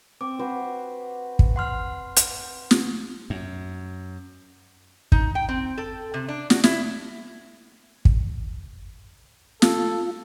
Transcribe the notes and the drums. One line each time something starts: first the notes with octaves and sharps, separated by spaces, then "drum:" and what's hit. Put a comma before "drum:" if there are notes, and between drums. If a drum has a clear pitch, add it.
C4 D6
F#4 B4 C5
drum: kick
F#5 C6 F6
drum: hi-hat
drum: snare
F#2
D#4, drum: kick
G5
C4
A4
C3
D4
F#4, drum: snare
E4, drum: snare
drum: kick
F4 A4, drum: snare